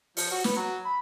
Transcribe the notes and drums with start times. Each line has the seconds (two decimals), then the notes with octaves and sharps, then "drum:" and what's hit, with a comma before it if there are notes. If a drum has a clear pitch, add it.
0.17 F3, drum: open hi-hat
0.31 F#4
0.44 B3, drum: snare
0.56 F#3
0.85 B5